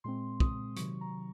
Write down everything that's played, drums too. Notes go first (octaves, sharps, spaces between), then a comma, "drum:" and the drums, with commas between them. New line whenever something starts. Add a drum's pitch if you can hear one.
A#2 G#3 C4 C6
D#6, drum: kick
C3 D#3 F#3 C#6, drum: hi-hat
A#5